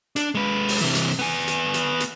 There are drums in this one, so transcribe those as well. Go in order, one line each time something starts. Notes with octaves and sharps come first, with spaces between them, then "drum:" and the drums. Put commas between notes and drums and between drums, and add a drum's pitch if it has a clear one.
D4, drum: hi-hat
G#3 B4
drum: open hi-hat
C3 E3
drum: hi-hat
B3 G#5
drum: hi-hat
drum: hi-hat
drum: hi-hat